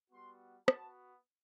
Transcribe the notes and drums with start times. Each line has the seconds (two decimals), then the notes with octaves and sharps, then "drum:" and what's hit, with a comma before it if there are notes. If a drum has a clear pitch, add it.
0.10 G3 B3 F#4 C6
0.68 B3 F#4 A5, drum: rim click